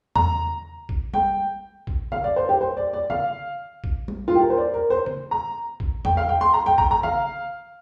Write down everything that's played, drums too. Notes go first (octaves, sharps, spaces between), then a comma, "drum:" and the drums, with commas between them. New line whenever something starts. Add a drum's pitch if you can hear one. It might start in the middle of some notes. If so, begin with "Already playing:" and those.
A#5, drum: tom E2
drum: kick A1
G5, drum: tom G3
drum: kick A1
F5, drum: tom C#3
D5
C5
G4
C5
D5
D5
F5, drum: tom C#3
drum: kick A1
drum: tom G3
F4
G4
A#4
C5
D5
A#4
C5
drum: tom C#3
A#5
drum: kick A1
G5, drum: tom E2
F5
G5
C6
A#5
G5
A#5, drum: kick A1
A#5
F5, drum: tom C#3